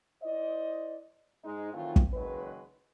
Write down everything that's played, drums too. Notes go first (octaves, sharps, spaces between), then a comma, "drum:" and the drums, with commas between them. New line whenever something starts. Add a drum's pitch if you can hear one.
E4 C5 D5 D#5
G#2 G#3 D#4
D#3 E3 F#3 A3 C4 F4
drum: kick
F#1 D#3 F#3 G#3 B4